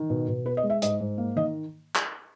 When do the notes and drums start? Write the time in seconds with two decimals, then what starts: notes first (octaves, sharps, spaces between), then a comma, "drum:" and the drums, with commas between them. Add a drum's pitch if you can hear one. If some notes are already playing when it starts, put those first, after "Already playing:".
Already playing: D#3
0.10 B2
0.28 B2
0.45 B3 B4
0.57 D#5
0.63 G#3
0.70 E5
0.82 G#2 D#5, drum: hi-hat
1.00 G#2
1.18 A#3
1.36 D#3 D#5
1.96 drum: clap